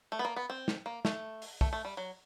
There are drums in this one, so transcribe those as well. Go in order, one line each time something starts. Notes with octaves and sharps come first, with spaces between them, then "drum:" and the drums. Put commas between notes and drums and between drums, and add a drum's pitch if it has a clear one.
A3
B3
A#3
B3
C4
drum: snare
A#3
A3, drum: snare
drum: open hi-hat
A3, drum: kick
A3
G3
F#3